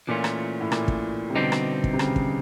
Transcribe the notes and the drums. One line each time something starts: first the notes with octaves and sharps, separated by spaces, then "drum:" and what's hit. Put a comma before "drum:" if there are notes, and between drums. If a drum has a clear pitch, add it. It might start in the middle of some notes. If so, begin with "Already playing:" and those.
A#2 E3 A3 C#4 F4
drum: rim click
A2
A#2, drum: rim click
drum: kick
C3
B2 D3 G3 C4 D#4 G4
drum: rim click
drum: kick
C3
C#3, drum: rim click
drum: kick